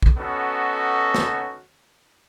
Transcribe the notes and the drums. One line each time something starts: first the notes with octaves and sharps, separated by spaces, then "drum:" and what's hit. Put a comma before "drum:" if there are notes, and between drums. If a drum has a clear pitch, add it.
drum: kick
B3 C#4 D#4 F#4 A4
drum: snare